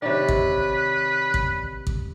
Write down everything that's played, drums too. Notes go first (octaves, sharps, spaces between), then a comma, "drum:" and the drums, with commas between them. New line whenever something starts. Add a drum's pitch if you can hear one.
C3 D#3 B4 C#5 D5
drum: kick A1
drum: kick A1
drum: kick A1